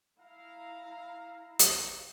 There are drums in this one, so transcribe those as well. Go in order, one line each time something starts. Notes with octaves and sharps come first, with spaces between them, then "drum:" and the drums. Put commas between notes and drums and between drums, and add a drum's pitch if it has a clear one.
E4 F5 A#5
drum: hi-hat